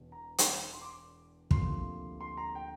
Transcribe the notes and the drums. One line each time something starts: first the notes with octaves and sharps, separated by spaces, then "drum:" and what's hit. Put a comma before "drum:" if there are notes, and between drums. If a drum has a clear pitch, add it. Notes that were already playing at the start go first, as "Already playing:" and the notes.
Already playing: E1 E2
A#5
drum: hi-hat
C6
D6
D2 C3 F3 A#3 C6, drum: kick
C6
A#5
G5